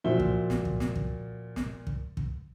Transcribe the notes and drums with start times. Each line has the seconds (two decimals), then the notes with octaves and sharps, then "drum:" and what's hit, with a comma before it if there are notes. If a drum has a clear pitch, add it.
0.04 A#2 F3 F#4 C5 E5 G7
0.20 drum: kick
0.50 drum: snare
0.65 drum: kick
0.80 drum: snare
0.95 drum: kick
1.56 drum: snare
1.87 drum: kick
2.17 drum: kick